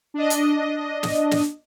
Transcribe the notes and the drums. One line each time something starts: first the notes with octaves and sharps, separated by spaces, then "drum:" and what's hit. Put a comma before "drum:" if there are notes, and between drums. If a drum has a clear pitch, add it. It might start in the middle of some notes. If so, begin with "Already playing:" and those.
D4 D#5
drum: hi-hat
drum: snare
drum: snare